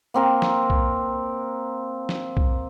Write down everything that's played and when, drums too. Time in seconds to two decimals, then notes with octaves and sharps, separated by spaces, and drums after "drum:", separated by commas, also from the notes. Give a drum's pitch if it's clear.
0.14 A#3 C4 A#4
0.42 drum: snare
0.70 drum: kick B1
2.09 drum: snare
2.37 drum: kick B1